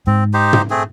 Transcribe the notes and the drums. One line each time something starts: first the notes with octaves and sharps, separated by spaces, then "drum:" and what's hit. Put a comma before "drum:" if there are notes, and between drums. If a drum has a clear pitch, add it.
G#2 C4
D#4 G4 C5
drum: tom
A3 C4 G#4